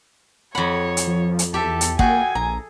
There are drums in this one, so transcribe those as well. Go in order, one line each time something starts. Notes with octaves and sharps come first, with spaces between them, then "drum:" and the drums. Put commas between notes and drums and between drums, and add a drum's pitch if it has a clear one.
F2 C#5 F#5 B5
drum: hi-hat
F3
drum: hi-hat
E2 G4 A4 E5
drum: hi-hat
A#3 F#4 G#4 A4 G5 G#5, drum: kick
A#1 A#5